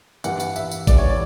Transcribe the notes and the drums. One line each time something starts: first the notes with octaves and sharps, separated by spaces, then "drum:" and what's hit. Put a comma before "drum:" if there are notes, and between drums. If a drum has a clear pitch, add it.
G2 E3 G3 F#5, drum: tambourine
drum: tambourine
E5, drum: tambourine
drum: tambourine
G2 E3 G3 D5, drum: kick G#1, tambourine
C#5
D5